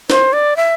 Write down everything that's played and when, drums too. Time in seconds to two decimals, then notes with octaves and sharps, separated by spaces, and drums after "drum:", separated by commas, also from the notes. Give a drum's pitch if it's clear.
0.10 C5, drum: snare
0.33 D5
0.57 E5